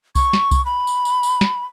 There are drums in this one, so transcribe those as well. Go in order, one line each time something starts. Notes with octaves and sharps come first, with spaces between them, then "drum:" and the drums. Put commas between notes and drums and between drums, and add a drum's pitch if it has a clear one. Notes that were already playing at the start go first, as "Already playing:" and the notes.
C#6, drum: kick C2, tambourine
drum: snare
drum: kick C2, tambourine
B5
drum: tambourine
drum: tambourine
drum: tambourine
drum: snare